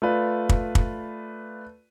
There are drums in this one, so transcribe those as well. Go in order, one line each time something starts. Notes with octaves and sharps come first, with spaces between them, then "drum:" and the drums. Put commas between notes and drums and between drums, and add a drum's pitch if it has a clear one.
A3 F4 B4 D5
drum: kick
drum: kick